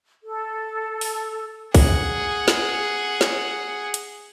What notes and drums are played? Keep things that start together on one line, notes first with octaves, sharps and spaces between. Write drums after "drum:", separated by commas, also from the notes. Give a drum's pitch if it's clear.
A4
drum: open hi-hat
G#4 F#5, drum: kick, open hi-hat
drum: snare
drum: snare
drum: hi-hat